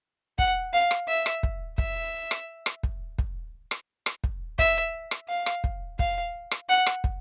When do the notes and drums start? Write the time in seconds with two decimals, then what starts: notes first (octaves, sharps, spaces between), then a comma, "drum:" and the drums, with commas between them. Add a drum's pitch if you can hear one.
0.39 F#5, drum: kick
0.73 F5
0.91 drum: rim click
1.08 E5
1.26 drum: rim click
1.43 drum: kick
1.78 E5, drum: kick
2.31 drum: rim click
2.66 drum: rim click
2.83 drum: kick
3.19 drum: kick
3.71 drum: rim click
4.06 drum: rim click
4.24 drum: kick
4.59 E5, drum: kick
5.11 drum: rim click
5.28 F5
5.46 drum: rim click
5.64 drum: kick
5.99 F5, drum: kick
6.51 drum: rim click
6.69 F#5
6.86 drum: rim click
7.04 drum: kick